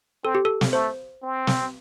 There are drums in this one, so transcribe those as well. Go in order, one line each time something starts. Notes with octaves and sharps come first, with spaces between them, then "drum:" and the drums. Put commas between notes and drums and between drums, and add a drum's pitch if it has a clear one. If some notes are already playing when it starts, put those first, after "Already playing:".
C4 A4
G4
A4
drum: snare
A3 C5
C4
drum: snare